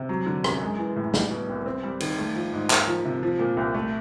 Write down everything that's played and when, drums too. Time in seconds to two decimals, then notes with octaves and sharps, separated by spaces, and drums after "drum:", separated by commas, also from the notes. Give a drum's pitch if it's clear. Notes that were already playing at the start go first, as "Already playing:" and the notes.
Already playing: C3
0.09 F#3
0.26 D3
0.44 F#2, drum: rim click
0.61 G#3
0.78 E3
0.96 A2
1.14 G3, drum: snare
1.30 B2
1.49 C2
1.66 C4
1.83 G3
2.00 D#3, drum: cymbal
2.18 A3
2.35 F3
2.53 G#2
2.70 A#3, drum: clap
2.87 F3
3.05 C3
3.23 F3
3.39 A#2
3.57 C2
3.74 A3